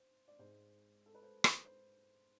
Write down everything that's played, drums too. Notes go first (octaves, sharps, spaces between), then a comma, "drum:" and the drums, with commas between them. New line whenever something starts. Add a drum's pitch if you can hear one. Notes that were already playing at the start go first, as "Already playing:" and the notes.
Already playing: C5
D5
G#2 G#3 C5
A4
B4
C5
C5, drum: rim click
C5